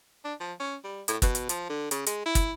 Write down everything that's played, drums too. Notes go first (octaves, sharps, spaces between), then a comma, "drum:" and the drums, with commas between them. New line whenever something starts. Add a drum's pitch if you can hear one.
D4
F3
C#4
G3
A2, drum: hi-hat
B2, drum: kick, hi-hat
drum: hi-hat
F3, drum: hi-hat
D3
C#3, drum: hi-hat
G#3, drum: hi-hat
E4
drum: kick, hi-hat